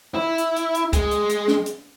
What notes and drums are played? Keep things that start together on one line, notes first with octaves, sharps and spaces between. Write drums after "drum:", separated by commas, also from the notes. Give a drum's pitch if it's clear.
E4
drum: hi-hat
drum: hi-hat
drum: hi-hat
G#3, drum: kick, hi-hat
drum: hi-hat
drum: hi-hat
drum: snare
drum: hi-hat